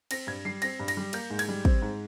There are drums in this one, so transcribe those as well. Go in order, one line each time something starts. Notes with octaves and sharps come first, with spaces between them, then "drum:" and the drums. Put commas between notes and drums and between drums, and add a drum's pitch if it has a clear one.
C4 A#6, drum: cymbal
G2 G#6
G3 C7
C4 A#6, drum: cymbal
G2
A#6, drum: cymbal
G3
A#3 G6, drum: cymbal
G#2
G#6, drum: cymbal
G3
C4, drum: kick
G#2